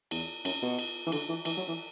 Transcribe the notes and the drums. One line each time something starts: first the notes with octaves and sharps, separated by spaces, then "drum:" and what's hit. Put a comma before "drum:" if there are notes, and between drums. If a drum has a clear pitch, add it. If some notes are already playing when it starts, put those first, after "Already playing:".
E2, drum: cymbal
F#2, drum: cymbal
B2
drum: cymbal
E3
D3, drum: cymbal
E3
E3, drum: cymbal
F#3
E3